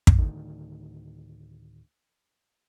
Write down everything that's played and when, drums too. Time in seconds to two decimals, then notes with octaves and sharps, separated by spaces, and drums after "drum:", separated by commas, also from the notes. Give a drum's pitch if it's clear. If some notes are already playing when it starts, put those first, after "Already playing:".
0.07 drum: kick
0.19 D2 A2 D3 D#3